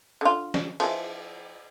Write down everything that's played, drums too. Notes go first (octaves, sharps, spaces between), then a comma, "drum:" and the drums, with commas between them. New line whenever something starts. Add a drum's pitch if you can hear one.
D3 F4
drum: snare
E3 F3, drum: cymbal